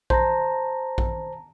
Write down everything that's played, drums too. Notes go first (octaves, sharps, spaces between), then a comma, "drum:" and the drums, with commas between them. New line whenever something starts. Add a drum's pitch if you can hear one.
C5 A5 A#5 A#6, drum: kick A#1
drum: kick A#1